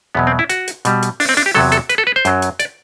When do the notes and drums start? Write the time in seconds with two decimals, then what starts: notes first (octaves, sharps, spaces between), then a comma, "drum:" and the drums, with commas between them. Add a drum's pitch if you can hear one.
0.15 E2 B2 F#3 B3
0.27 C4
0.39 E4
0.49 F#4, drum: hi-hat
0.68 drum: hi-hat
0.85 B2 G3, drum: hi-hat
1.02 drum: hi-hat
1.20 D4, drum: open hi-hat
1.29 C4
1.37 D4, drum: hi-hat
1.46 G4
1.55 E2 C3 F#3 A4
1.72 A4, drum: hi-hat
1.89 B4, drum: hi-hat
1.98 A4
2.07 B4
2.16 C5
2.25 F#2 F#3, drum: hi-hat
2.42 drum: hi-hat
2.59 D5, drum: hi-hat